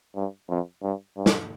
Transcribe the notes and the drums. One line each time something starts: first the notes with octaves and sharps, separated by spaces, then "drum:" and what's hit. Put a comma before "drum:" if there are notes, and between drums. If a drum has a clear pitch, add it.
G2
F2
G2
G2
drum: snare